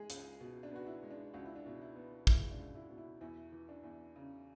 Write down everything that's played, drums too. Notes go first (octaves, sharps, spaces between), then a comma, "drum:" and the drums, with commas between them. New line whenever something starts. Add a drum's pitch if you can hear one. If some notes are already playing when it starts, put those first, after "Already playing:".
Already playing: G#3 G#4
C#2, drum: hi-hat
B2
D4
B3 F#4
E4
G#3
D4
C#2 F#4
E4
D4
B2 E4
E4
B3
G#3 E4, drum: kick
D4
C#2
E4
B2
E4
E2 E4
E3
D4
E2
C#3